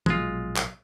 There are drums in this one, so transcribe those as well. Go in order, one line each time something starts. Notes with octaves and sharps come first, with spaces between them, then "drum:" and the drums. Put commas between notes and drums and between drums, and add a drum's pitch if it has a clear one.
A#1 B2 F#3 G#3 F4, drum: tom
drum: clap